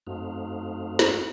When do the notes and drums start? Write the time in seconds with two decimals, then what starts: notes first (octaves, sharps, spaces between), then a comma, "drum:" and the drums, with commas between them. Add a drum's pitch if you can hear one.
0.07 F#2 A3 C4 D#4 F#4 F5
0.99 drum: snare